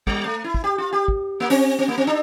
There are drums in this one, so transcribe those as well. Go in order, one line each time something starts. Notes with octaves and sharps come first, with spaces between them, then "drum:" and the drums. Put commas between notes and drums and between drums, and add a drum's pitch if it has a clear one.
G3, drum: kick
A3
E4
drum: kick
G4
F4
G4
drum: kick
A#3
C4, drum: open hi-hat
C4
A#3
C4
D4